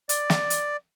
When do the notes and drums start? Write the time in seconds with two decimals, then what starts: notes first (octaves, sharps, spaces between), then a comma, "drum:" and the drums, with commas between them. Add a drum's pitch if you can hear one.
0.09 D5, drum: hi-hat
0.30 drum: snare
0.50 drum: hi-hat